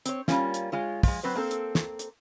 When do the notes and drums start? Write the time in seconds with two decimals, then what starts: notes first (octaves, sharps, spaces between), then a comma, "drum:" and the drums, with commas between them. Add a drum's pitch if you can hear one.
0.06 C4 C#5, drum: hi-hat
0.28 G3 G#3 A#3 C#4 F4, drum: snare
0.54 drum: hi-hat
0.72 G#3 F4 C#5
1.03 F3 G#3, drum: kick, open hi-hat
1.23 F#3 C4 B4 C5
1.36 A#3 C4 A4 C5
1.51 drum: hi-hat
1.75 drum: snare
1.99 drum: hi-hat